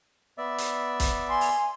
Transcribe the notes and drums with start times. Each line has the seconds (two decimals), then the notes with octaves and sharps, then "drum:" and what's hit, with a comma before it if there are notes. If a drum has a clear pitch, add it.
0.38 B3 D5 E5
0.58 drum: hi-hat
1.00 drum: kick, hi-hat
1.29 G#5 C6
1.41 drum: open hi-hat